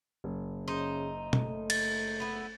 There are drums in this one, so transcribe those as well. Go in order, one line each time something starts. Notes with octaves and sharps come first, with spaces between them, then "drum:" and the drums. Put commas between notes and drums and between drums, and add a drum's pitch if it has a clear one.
F#1
C#3 D#4 C5
A3, drum: tom
A6, drum: cymbal
B3 E4